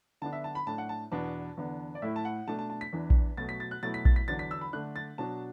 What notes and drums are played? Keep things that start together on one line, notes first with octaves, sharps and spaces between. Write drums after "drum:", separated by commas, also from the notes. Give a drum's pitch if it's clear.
D3 B3 D4 A5
E5
A5
B5
A2 A3 D4 A5
F#5
A5
E2 B2 B3 D4 A5
E2 D3 B3 D4
D5
A2 A3 E4 E5
A5
F#5
B2 A3 D4 A5
A5
A5
B6
E2 E3 D4
drum: kick A#1
B2 F#3 A3 A6
B6
A6
F#6
B2 F#3 A3 E4 A6
B6
A6, drum: kick A#1
B6
E2 D3 F#3 D4 A6
B6
E6
B5
D3 A3 D4 F#6
A6
B2 F#3 D4 A5